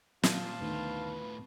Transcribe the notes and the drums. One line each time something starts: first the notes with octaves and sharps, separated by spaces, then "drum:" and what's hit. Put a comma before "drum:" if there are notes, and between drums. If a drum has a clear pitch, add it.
A#2 F4 C5 F5 A5, drum: snare
D2 A2 D#3 B3 F4 B4